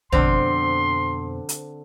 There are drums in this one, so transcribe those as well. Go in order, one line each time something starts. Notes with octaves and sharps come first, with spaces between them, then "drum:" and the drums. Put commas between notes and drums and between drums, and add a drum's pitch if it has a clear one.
F2 B2 D3 C4 C5 C6, drum: tom
drum: hi-hat